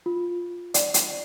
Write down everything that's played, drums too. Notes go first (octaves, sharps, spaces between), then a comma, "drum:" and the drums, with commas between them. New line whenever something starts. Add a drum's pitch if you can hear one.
F4
D5, drum: hi-hat
drum: hi-hat